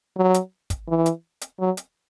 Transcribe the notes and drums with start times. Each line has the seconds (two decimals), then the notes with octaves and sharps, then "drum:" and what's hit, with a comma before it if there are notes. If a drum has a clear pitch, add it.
0.17 F#3
0.34 drum: hi-hat
0.70 drum: kick, hi-hat
0.88 E3
1.06 drum: hi-hat
1.41 drum: hi-hat
1.60 F#3
1.77 drum: hi-hat